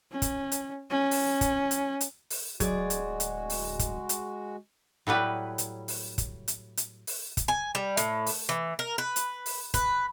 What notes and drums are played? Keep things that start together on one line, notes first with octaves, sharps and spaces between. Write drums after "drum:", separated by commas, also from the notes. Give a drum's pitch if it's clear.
C#4
drum: kick, hi-hat
drum: hi-hat
C#4
drum: open hi-hat
drum: kick, hi-hat
drum: hi-hat
drum: hi-hat
drum: open hi-hat
D1 F#3 G#3 F#4 G#4 D5, drum: kick, hi-hat
drum: hi-hat
drum: hi-hat
drum: open hi-hat
drum: kick, hi-hat
drum: hi-hat
A2 F#3 G3 B4
drum: hi-hat
drum: open hi-hat
drum: kick, hi-hat
drum: hi-hat
drum: hi-hat
drum: open hi-hat
drum: kick, hi-hat
G#5
G3
A2, drum: hi-hat
drum: open hi-hat
E3
A#4
B4
drum: hi-hat
drum: open hi-hat
B4, drum: kick, hi-hat